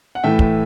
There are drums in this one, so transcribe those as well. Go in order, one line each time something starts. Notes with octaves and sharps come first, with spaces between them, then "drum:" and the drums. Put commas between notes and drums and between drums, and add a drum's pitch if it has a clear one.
F#5
A2 E3 A3 E5 G5
drum: kick